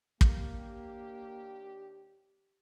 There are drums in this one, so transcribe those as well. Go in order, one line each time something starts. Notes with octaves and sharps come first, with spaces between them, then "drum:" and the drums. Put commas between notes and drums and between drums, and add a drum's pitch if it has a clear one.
D#2 A#3 D4 G4, drum: kick